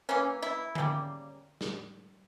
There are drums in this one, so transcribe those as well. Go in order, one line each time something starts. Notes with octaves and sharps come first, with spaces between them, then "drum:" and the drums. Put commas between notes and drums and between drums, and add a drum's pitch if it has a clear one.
E3 A#3 C#4
E4
C#3 G3 A#3, drum: tom D3
drum: snare